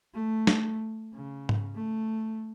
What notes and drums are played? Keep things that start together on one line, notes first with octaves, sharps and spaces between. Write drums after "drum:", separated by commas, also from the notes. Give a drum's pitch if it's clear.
A3
drum: snare
C#3
drum: tom G#2
A3